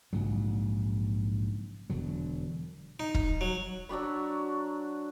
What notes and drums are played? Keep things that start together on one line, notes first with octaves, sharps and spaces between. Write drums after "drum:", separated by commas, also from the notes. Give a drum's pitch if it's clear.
A#1 G#2 C#3 F#3
E1 D3 F#3
D#4
drum: kick
F#3
F#3 D4 F#4 B5